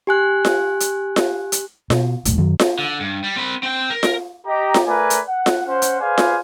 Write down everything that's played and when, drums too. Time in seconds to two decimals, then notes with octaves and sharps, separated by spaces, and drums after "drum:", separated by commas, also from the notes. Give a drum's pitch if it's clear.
0.07 G4 G#5 F#6
0.45 drum: snare F4
0.80 drum: hi-hat
1.16 drum: snare F4
1.52 drum: hi-hat
1.90 B2, drum: snare F4
2.25 E1 B1 A2, drum: hi-hat
2.38 F#2 D#3 F#3
2.59 drum: snare F4
2.79 D3
3.00 G2
3.24 G3
3.37 C4 B5
3.63 C4 G5
3.90 A#4
4.03 drum: snare F4
4.47 G4 D#5 A#5
4.74 drum: snare F4
4.87 A3 A#4 B4 D5 G#5
5.10 drum: hi-hat
5.28 F#5
5.46 drum: snare F4
5.66 C#4 C5 F#5
5.82 drum: hi-hat
6.01 G#4 B4 C5 D5 F5 G#5
6.18 drum: snare F4